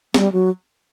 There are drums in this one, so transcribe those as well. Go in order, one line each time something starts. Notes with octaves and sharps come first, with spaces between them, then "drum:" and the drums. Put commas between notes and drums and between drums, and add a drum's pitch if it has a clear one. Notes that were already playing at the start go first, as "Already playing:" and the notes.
G3, drum: snare
F#3